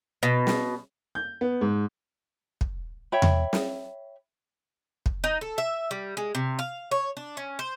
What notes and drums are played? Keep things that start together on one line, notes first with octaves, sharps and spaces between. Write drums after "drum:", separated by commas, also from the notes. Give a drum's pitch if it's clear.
B2
drum: snare
G6
B3
G#2
drum: kick
C#5 E5 G5 B5
drum: tom E2
drum: snare
drum: kick
D#4
A4
E5
G3
G#3
C3
F5
C#5
D4
C#4
C5